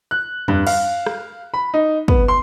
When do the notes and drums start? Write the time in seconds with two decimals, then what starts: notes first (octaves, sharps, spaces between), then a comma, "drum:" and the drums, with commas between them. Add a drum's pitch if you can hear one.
0.11 F#6
0.48 G2, drum: tom E2
0.67 F5, drum: cymbal
1.06 drum: rim click
1.54 B5
1.74 D#4
2.08 B3, drum: kick
2.28 C6